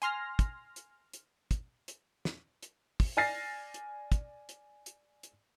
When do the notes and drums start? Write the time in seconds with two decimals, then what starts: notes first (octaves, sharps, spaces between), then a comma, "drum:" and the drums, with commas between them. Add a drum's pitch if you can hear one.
0.02 G#5 C6 F6 A#6, drum: hi-hat
0.39 drum: kick, hi-hat
0.76 drum: hi-hat
1.13 drum: hi-hat
1.51 drum: kick, hi-hat
1.88 drum: hi-hat
2.25 drum: snare
2.63 drum: hi-hat
3.00 drum: kick, open hi-hat
3.17 D5 G#5 F6 A6 A#6 C7
3.74 drum: hi-hat
4.12 drum: kick, hi-hat
4.49 drum: hi-hat
4.86 drum: hi-hat
5.23 drum: hi-hat